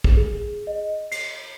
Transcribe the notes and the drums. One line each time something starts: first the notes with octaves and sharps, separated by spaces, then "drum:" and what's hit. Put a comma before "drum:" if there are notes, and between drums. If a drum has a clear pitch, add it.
drum: kick
G#4
D#5
C7, drum: cymbal